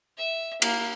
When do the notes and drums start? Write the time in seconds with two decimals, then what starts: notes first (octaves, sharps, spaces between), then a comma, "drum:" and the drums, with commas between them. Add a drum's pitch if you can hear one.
0.18 E5
0.62 A#3, drum: cymbal